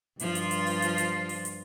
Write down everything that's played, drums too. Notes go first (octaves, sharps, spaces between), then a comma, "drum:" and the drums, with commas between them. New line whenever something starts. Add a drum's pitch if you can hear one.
G2 F3 F4, drum: hi-hat
drum: hi-hat
drum: hi-hat
drum: open hi-hat
drum: hi-hat
drum: hi-hat
drum: open hi-hat
drum: hi-hat